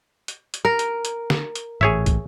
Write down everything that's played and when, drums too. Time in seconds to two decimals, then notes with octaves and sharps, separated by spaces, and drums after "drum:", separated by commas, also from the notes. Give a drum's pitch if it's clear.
0.28 drum: hi-hat
0.54 drum: hi-hat
0.65 A#4
0.79 drum: hi-hat
1.05 drum: hi-hat
1.30 drum: snare
1.56 drum: hi-hat
1.81 A1 G#4 C#5 E5, drum: tom G#2
2.06 drum: kick, hi-hat